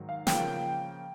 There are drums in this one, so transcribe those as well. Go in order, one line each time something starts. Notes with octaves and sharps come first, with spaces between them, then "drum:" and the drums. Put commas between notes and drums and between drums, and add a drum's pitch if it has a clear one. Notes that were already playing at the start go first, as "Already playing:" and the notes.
Already playing: G#2 D#3 F#3
F5
C#3 F3 A#3 G5, drum: snare